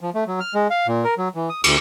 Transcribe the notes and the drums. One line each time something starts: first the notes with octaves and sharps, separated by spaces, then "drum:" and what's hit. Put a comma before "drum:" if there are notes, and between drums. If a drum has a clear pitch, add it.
F3
A3
F#3
F6
G#3
F5
A#2
A#4
F#3
E3
D#6
D2, drum: cymbal